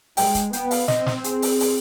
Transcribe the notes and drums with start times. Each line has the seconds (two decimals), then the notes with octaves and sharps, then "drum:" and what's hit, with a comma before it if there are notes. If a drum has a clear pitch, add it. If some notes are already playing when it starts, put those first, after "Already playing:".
0.17 G#3 G5, drum: open hi-hat
0.35 drum: kick, hi-hat
0.53 B3 G5, drum: hi-hat
0.71 F5, drum: open hi-hat
0.88 C4 D#5, drum: snare
1.06 drum: snare
1.24 G#4, drum: hi-hat
1.42 drum: open hi-hat
1.60 drum: open hi-hat